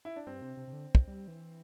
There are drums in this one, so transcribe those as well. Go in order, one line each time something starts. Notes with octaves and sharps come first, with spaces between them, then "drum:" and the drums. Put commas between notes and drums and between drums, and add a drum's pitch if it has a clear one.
E4
D4
G2 C4
C3
C3
C3
D3
drum: kick
G3
E3